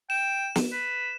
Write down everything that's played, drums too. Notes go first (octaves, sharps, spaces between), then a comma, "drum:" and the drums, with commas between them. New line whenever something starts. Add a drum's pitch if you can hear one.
G5 E7
drum: snare
B4